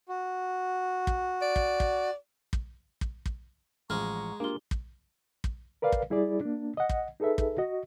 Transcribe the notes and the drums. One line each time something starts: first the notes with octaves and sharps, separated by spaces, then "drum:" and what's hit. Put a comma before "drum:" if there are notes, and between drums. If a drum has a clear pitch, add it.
F#4
drum: kick
D5
drum: kick
drum: kick
drum: kick
drum: kick
drum: kick
A1 F3 G#3 F#5 A#5 C#6 F6
A#3 D4 F4 G4 G7
drum: kick
drum: kick
A#4 B4 D5 F5
drum: kick
G3 E4 G#4 D5
A#3 D4
D#5 F#5
drum: kick
D#4 G#4 A4 B4 E5
drum: kick
F#4 D#5